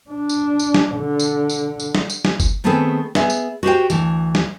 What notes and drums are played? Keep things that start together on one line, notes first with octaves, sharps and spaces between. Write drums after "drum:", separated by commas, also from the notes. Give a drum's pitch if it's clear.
D4
drum: tambourine
drum: tambourine
drum: snare
D3
drum: tambourine
drum: tambourine
drum: tambourine
drum: snare
drum: tambourine
drum: snare
drum: kick G1, tambourine
D#3 A3 B3 C4 G#4 A4
B3 G#4 E5, drum: snare
drum: tambourine
F#4 G4 C5 G5
D2 E3, drum: tambourine
drum: snare